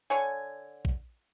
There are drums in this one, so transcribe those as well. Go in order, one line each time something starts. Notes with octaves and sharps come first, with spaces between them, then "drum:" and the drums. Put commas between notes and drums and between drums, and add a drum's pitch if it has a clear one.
D3 C#5 G#5
drum: kick A#1